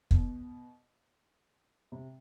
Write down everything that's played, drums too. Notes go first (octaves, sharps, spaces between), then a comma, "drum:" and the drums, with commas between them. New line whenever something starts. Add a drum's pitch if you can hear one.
B2, drum: kick
C3